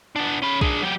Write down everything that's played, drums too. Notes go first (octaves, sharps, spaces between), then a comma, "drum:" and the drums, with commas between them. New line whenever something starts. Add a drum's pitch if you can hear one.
B3 D4
C#4 B5
D4 G#4, drum: kick B1
F#3 G4